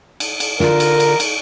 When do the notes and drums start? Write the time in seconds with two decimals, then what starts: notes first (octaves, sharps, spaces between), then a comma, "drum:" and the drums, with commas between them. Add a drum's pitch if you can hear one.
0.20 drum: cymbal
0.40 drum: cymbal
0.60 D3 D4 F4 A#4, drum: snare
0.80 drum: cymbal
1.00 drum: cymbal
1.20 drum: cymbal